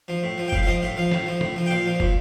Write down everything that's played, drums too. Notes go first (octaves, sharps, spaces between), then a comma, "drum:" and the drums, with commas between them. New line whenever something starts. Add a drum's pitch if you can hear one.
F3
A2
F3
G5
A2 F5, drum: kick
F5
F3 D#5
A2 F5
F3 F5
A2, drum: snare
F3
A2, drum: tom
F3
G5
A#2 F5
F3
A#2, drum: kick